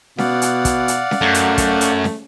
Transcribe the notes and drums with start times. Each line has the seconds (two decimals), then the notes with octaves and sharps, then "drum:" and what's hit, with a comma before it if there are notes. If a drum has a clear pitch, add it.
0.18 B2 D5 F5 F#5, drum: snare C#4
0.42 drum: hi-hat
0.65 drum: kick, hi-hat
0.88 drum: hi-hat
1.11 drum: snare C#4
1.21 F#2 A3
1.34 drum: hi-hat
1.58 drum: kick, hi-hat
1.81 drum: hi-hat
2.04 drum: snare C#4